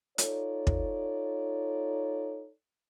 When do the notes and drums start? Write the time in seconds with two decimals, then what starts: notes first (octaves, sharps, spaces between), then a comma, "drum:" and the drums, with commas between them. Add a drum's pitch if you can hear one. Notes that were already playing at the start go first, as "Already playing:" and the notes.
0.18 D#4 F4 A4 C#5 D5, drum: hi-hat
0.67 drum: kick